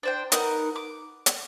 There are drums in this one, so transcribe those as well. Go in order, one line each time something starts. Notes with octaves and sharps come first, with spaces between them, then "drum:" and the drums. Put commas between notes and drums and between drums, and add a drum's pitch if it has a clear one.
D4 C5 G5
D#4 A#4 B4 F#5, drum: hi-hat
D6
drum: hi-hat